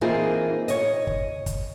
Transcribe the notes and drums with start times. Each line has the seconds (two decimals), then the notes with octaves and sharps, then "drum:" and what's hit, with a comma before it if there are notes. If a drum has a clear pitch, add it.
0.01 E3 A#3 C4 D#4 F4 G#4
0.68 C#5 D#5, drum: hi-hat
1.07 drum: kick
1.46 drum: kick, hi-hat